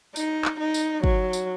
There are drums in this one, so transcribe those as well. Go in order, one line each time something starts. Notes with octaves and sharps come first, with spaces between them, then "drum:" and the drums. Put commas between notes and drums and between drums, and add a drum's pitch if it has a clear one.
D#4, drum: tambourine
drum: clap
D#4
drum: tambourine
F#3, drum: kick
drum: tambourine